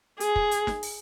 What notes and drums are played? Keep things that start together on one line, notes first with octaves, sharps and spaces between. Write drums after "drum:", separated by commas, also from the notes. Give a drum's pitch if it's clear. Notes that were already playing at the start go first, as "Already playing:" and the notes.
G#4, drum: hi-hat
drum: kick
drum: hi-hat
drum: snare
drum: open hi-hat